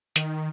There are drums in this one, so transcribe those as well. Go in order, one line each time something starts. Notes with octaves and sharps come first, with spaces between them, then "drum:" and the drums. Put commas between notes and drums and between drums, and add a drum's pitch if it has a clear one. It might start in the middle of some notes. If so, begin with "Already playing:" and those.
D#3, drum: hi-hat